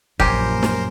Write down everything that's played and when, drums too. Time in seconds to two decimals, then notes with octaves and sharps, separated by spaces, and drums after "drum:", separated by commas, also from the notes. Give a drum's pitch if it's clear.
0.20 A#1 F#2 G4 A#4 C5 G#5, drum: kick
0.63 drum: snare